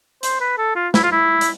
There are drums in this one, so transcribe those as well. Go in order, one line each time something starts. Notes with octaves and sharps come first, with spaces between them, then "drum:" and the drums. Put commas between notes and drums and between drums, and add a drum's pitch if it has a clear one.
C5, drum: hi-hat
B4
A4
F4
E4, drum: snare
F4
E4
drum: hi-hat